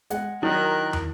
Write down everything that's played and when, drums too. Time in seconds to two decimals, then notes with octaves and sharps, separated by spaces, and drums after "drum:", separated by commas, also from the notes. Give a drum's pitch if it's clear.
0.10 G#3 F#5, drum: hi-hat
0.43 D#3 F#3 E4 A#4 F#6
0.93 drum: tom